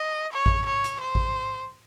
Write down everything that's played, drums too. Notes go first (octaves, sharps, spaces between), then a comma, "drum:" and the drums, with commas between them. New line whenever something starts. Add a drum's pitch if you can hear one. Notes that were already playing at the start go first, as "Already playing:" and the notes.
Already playing: D#5
C#5
drum: kick A1
C#5
drum: hi-hat
C5
drum: kick A1